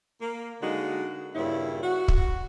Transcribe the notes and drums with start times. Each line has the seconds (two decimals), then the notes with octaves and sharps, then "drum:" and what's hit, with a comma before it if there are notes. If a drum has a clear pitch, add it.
0.20 A#3
0.62 D3 G#3 A#3 D#4 F#4
1.34 G2 A#2 C#3 E4
1.83 F#4
2.08 drum: kick